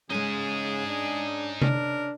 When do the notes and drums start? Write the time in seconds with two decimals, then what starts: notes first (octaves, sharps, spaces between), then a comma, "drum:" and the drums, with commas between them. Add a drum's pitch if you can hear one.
0.10 C#3 G#3 C#4 D#4 G#4 G#5
0.87 D4
1.62 D4 A#4, drum: tom C3